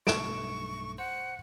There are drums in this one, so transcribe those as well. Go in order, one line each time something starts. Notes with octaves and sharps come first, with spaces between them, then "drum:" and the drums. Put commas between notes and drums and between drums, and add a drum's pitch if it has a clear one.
B1 G2 A3 C#6 D7 E7, drum: snare
C5 F#5